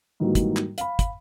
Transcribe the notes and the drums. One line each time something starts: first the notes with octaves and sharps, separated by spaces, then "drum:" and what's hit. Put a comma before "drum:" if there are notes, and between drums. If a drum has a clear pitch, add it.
G#2 D#3 E3 F#3 G3 A#3
drum: kick, hi-hat
drum: clap
F5 B5, drum: hi-hat
drum: kick, hi-hat